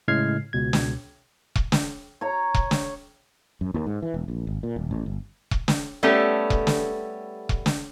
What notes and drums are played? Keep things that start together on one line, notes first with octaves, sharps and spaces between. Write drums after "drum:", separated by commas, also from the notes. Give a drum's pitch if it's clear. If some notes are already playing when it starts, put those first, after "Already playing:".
A2 C#3 G#3 F6 G#6 C7
C#2 B2 G#6
drum: snare
drum: kick E1
drum: snare
C#5 A#5
drum: kick E1
drum: snare
F#2
D#2
G#2
E3
E1
A#1
G#1
A#2
D#1
A1
G1
drum: kick E1
drum: snare
G3 A3 B3 C#4 G4 A4
drum: kick E1
drum: snare
drum: kick E1
drum: snare